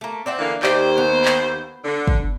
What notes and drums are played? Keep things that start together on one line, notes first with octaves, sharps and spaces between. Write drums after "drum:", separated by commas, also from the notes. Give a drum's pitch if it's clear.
A3 A#3
C4 D5 E5 F#5
D3 E3 A#3
D#2 G4 C5 D5 E5, drum: clap
B3
drum: clap
D3
drum: kick